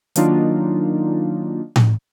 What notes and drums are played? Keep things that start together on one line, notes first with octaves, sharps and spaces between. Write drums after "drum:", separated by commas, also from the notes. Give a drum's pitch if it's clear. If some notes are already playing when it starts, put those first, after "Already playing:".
D#3 F#3 A#3 D4 D#4 F4, drum: hi-hat
drum: tom A2